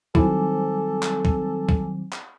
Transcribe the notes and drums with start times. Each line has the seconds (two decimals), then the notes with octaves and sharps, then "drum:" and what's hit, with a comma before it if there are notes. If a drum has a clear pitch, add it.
0.15 D#3 F#3 G3 C4 E4 A4 G#5 D6, drum: kick B1
1.03 drum: clap
1.25 drum: kick B1
1.69 drum: kick B1
2.13 drum: clap